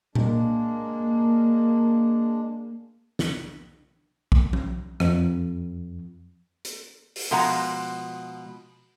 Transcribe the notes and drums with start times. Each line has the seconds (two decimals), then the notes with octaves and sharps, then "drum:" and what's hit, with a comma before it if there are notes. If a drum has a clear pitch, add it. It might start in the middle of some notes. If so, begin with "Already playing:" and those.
0.15 G#3 A#3 D4, drum: tom A#2
3.19 drum: snare
4.32 drum: kick A#1
4.53 drum: tom F3
5.00 F2, drum: rim click
6.65 drum: hi-hat
7.16 drum: open hi-hat
7.31 B2 F3 G#3 F#5 A#5